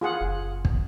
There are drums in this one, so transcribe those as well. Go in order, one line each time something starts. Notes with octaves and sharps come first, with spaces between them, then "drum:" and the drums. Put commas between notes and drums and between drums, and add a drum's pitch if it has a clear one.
F4 G#4 F#5
F#1
drum: kick